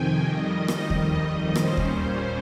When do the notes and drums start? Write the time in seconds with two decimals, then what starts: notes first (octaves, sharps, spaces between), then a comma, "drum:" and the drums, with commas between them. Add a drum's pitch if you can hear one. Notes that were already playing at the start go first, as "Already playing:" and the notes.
Already playing: F2 C3 D#3 G5 G#5
0.25 F2 D#3 G3 D#5
0.68 drum: rim click
0.90 drum: kick D#2
1.56 A#2 G3 C#4 C5, drum: rim click
1.77 drum: kick D#2
1.88 C5